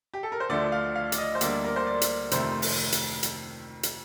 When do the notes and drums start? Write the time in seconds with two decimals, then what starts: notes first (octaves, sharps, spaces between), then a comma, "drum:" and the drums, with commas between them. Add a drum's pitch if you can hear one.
0.14 G4
0.23 A4
0.32 A#4
0.40 C5
0.49 D2 D3 F3 A3 D5
0.72 F5
0.95 F5
1.12 D5, drum: hi-hat
1.18 D#5
1.35 C5
1.41 D2 D3 G3 A#3 D5, drum: hi-hat
1.64 A#4
1.76 C5
1.87 D5
2.02 drum: hi-hat
2.31 F2 C3 D#3 A3 C5, drum: hi-hat
2.62 drum: open hi-hat
2.92 drum: hi-hat
3.23 drum: hi-hat
3.83 drum: hi-hat